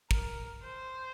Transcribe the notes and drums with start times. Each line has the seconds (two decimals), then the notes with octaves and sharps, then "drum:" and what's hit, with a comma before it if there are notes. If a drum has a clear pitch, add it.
0.11 A#4, drum: kick
0.63 C5